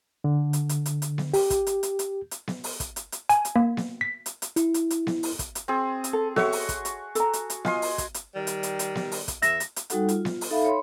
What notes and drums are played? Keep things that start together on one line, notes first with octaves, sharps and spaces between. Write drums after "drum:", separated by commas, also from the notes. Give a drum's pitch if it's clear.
D3
drum: hi-hat
drum: hi-hat
drum: hi-hat
drum: hi-hat
drum: snare B3
G4, drum: open hi-hat
drum: kick, hi-hat
drum: hi-hat
drum: hi-hat
drum: hi-hat
drum: hi-hat
drum: snare B3
drum: open hi-hat
drum: kick, hi-hat
drum: hi-hat
drum: hi-hat
G#5, drum: hi-hat
drum: hi-hat
A#3
drum: snare B3
B6
drum: hi-hat
drum: hi-hat
E4, drum: hi-hat
drum: hi-hat
drum: hi-hat
drum: snare B3
drum: open hi-hat
drum: kick, hi-hat
drum: hi-hat
C4 G#4
drum: hi-hat
A4
F#4 A4 C#5 E5 C#6, drum: snare B3
drum: open hi-hat
drum: kick, hi-hat
drum: hi-hat
A4 A#5, drum: hi-hat
drum: hi-hat
drum: hi-hat
F4 D#5 G#5 C6, drum: snare B3
drum: open hi-hat
drum: kick, hi-hat
drum: hi-hat
D#3 G3
drum: hi-hat
drum: hi-hat
drum: hi-hat
drum: snare B3
drum: open hi-hat
drum: kick, hi-hat
E2 E5 A#6, drum: hi-hat
drum: hi-hat
drum: hi-hat
G3 D#4 F#4 A4 F#5, drum: hi-hat
F4, drum: hi-hat
drum: snare B3
drum: open hi-hat
D#4 A4 E5 F5 B5
C#5 B5 C6